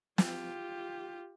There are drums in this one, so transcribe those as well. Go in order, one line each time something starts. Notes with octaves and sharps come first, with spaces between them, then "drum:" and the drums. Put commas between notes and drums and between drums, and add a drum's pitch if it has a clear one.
F4 G4, drum: snare